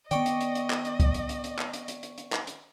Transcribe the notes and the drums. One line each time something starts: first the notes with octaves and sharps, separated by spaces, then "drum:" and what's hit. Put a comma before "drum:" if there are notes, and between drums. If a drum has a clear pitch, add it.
D#3 B3 D5 D#5 G5 C#6, drum: hi-hat
drum: hi-hat
drum: hi-hat
drum: hi-hat
drum: clap
drum: hi-hat
drum: kick C2, hi-hat
drum: hi-hat
drum: hi-hat
drum: hi-hat
drum: clap
drum: hi-hat
drum: hi-hat
drum: hi-hat
drum: hi-hat
drum: clap
drum: hi-hat